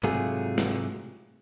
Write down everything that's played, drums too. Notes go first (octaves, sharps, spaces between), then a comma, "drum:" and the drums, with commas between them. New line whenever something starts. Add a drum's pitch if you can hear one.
G#2 C3 F#3 A3 F4 G#4, drum: hi-hat
drum: snare